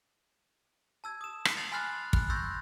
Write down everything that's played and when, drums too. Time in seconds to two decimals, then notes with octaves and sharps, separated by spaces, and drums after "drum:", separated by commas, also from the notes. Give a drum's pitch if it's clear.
1.04 A5 E6 G#6
1.21 D#6 E7
1.45 drum: rim click
1.57 A6 C7 F7 F#7
1.72 G#5 B5 C6 F6 F#6 A6
2.13 B5 F#6, drum: kick
2.30 C6 C#6 E6 G6 A6 A#6